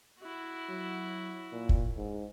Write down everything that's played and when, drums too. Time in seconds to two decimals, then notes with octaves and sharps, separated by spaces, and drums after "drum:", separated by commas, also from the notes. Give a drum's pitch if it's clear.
0.20 E4 F#4
0.69 F#3
1.52 A#2
1.69 drum: kick
1.96 G#2